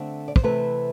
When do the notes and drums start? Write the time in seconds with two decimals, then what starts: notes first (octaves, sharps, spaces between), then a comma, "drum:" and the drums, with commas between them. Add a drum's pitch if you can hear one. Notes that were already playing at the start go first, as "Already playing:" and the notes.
Already playing: D3 A3 C4
0.28 D5
0.36 C5, drum: kick
0.43 C3 E3 A3 C4 B4